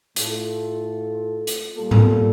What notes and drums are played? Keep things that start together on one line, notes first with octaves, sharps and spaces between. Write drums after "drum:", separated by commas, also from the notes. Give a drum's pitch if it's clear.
A2 A3 F4 A4, drum: hi-hat
drum: hi-hat
A#2 G3 A#3 F4 A4
drum: tom G#2